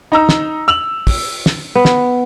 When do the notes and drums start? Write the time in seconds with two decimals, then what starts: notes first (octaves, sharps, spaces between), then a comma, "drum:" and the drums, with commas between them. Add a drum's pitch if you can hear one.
0.12 D#4 A#5 E6
0.29 drum: snare
0.68 E6 F7 F#7
1.07 drum: kick, open hi-hat
1.46 drum: snare
1.75 B3
1.85 drum: snare